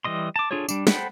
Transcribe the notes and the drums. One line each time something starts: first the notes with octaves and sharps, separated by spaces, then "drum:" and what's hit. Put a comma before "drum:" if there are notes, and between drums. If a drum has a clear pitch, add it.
E3 G3 D#5 C6
A5 D6
D4 F4 G#4 A4 C#5
G3 D4, drum: tambourine
A4 C5 F#5 G5 B5, drum: snare